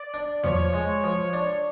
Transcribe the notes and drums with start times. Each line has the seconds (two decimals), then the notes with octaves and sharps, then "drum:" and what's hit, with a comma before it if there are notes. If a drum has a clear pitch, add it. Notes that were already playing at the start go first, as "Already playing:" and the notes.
Already playing: D5
0.14 D4
0.44 F3 C#5, drum: tom E2
0.74 G#3
1.04 F3
1.33 D4